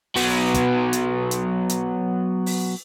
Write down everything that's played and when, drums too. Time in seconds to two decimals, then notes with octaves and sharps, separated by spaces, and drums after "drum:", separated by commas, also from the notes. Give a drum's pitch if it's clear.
0.16 F#3 B3, drum: open hi-hat
0.54 drum: kick, hi-hat
0.93 drum: hi-hat
1.31 drum: hi-hat
1.70 drum: hi-hat
2.46 drum: open hi-hat